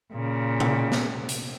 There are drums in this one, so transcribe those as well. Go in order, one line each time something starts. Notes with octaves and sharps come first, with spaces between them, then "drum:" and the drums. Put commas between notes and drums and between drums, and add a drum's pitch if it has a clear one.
A#2 C#3
drum: tom C3
drum: snare B3
drum: hi-hat